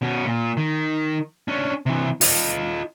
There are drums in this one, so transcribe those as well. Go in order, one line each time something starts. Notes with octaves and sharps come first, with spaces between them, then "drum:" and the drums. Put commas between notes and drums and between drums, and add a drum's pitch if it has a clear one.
B2 C#4
A#2
D#3
C#4 D4
C3 E3
F4 D#5, drum: open hi-hat